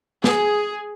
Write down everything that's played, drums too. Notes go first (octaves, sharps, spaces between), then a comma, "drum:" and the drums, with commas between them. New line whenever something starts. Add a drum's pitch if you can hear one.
G#4, drum: snare